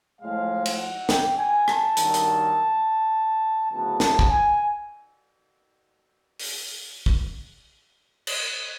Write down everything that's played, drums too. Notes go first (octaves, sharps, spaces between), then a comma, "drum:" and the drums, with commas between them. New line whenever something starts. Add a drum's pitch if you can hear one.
A2 F3 G#3 F5
F#5, drum: cymbal
G5, drum: snare
G#5
A5, drum: rim click
G2 D#3 F#3, drum: hi-hat
drum: hi-hat
D2 C#3 F#3 B3 E4 A5
A5, drum: snare
drum: kick
G#5
drum: open hi-hat
drum: kick
drum: cymbal